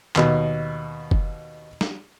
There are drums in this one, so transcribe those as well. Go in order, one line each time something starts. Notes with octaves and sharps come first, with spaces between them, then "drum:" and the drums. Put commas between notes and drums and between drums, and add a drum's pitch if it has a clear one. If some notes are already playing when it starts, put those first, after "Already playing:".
D#2 B2, drum: clap
drum: kick F#1
drum: snare